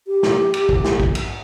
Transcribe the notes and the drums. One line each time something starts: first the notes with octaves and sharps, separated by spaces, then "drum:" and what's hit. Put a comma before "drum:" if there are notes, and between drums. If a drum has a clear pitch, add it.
G4
drum: snare
drum: cymbal
drum: kick
drum: snare
drum: kick
drum: cymbal